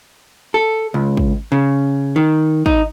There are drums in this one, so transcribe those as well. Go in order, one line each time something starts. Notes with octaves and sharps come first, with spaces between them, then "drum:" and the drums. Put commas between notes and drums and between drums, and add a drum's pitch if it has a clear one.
A4
C#2
drum: kick
C#3
D#3
D#4, drum: kick